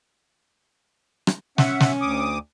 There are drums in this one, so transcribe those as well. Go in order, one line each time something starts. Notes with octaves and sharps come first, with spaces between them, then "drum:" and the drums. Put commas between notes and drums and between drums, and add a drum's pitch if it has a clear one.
drum: rim click
C#4 E5 F#5, drum: snare
drum: snare
D2 D6 D#6